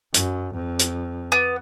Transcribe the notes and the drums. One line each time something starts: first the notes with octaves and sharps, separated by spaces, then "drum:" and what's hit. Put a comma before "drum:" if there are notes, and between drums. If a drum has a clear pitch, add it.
F#2, drum: hi-hat
F2
drum: hi-hat
B3